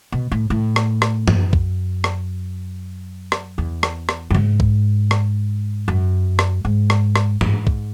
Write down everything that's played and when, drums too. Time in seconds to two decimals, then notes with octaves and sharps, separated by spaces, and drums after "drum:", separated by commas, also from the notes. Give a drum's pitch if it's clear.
0.12 B2
0.32 A2
0.50 A2
0.76 drum: rim click
1.02 drum: rim click
1.28 F#2, drum: tom G2
1.53 drum: kick
2.04 drum: rim click
3.32 drum: rim click
3.58 E2
3.83 drum: rim click
4.09 drum: rim click
4.30 F#2
4.35 G#2, drum: tom
4.60 drum: kick
5.11 drum: rim click
5.88 F#2
6.39 drum: rim click
6.65 G#2
6.90 drum: rim click
7.16 drum: rim click
7.41 G#2, drum: tom G2
7.67 drum: kick